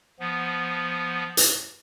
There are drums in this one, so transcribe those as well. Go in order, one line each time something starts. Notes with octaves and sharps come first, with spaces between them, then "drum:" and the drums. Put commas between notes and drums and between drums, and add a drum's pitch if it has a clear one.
F3 B3
drum: hi-hat